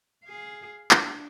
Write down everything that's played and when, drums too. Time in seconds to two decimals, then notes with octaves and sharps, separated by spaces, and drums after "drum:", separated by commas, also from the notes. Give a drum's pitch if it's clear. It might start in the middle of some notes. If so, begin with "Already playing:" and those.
0.24 G#4 F5
0.91 D4, drum: clap